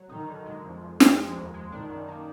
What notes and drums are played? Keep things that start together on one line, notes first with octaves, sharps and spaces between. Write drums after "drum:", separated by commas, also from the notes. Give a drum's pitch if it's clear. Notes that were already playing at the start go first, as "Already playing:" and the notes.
Already playing: F#3
D#3 D#4
D3
G#3
F2 F3
F2
F2, drum: snare
F3 G#3
D#2
G#3
D#3 D4
F#2
A#3